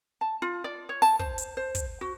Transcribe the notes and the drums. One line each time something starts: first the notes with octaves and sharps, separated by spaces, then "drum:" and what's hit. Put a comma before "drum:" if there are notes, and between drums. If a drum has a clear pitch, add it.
A5
F4
D5
C#5
A5, drum: open hi-hat
C5, drum: kick
drum: hi-hat
C5
drum: kick, hi-hat
F#4